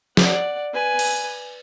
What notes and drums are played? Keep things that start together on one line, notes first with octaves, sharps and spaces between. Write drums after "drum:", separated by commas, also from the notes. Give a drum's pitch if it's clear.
D5 F#5, drum: snare
B4 G#5
drum: cymbal